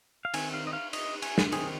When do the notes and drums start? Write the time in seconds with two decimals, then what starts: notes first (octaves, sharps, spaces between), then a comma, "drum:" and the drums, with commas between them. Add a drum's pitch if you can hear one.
0.25 F5
0.34 D#3 C4 G#5, drum: cymbal
0.54 F5
0.67 D#5
0.73 F5
0.93 D#5, drum: cymbal
1.22 G#5, drum: cymbal
1.38 drum: snare
1.52 D#3 C4 G#4, drum: cymbal